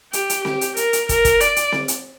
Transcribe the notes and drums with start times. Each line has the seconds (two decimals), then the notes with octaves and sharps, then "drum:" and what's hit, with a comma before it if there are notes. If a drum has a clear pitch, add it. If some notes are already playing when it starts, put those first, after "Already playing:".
0.13 G4, drum: hi-hat
0.30 drum: hi-hat
0.45 G4, drum: snare C4
0.61 drum: hi-hat
0.77 A#4, drum: hi-hat
0.93 drum: hi-hat
1.09 A#4, drum: kick, hi-hat
1.25 drum: kick, hi-hat
1.40 D5, drum: hi-hat
1.56 drum: hi-hat
1.72 drum: snare C4
1.88 drum: hi-hat